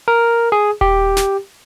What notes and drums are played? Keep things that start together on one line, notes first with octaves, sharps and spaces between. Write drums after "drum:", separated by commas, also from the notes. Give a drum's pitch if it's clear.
A#4
G#4
G4, drum: kick D#1
drum: snare